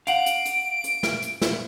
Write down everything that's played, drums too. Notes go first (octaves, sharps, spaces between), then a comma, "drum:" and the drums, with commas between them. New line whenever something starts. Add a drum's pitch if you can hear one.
F5 F#5 D7, drum: hi-hat
drum: hi-hat
drum: hi-hat
drum: hi-hat
drum: snare
drum: hi-hat
drum: snare